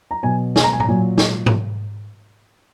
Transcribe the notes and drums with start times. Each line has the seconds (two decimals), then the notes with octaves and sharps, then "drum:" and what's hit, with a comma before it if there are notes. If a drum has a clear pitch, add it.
0.11 A#5
0.23 B2 F#3 G#5
0.56 G#5, drum: snare
0.64 A#5
0.72 G#5
0.80 A#5, drum: tom A2
0.88 A#2 F#3 G#5
1.18 drum: snare
1.46 drum: tom G#2